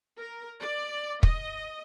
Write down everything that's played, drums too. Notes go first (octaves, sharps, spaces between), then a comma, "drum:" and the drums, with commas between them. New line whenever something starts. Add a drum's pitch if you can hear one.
A#4
D5
D#5, drum: kick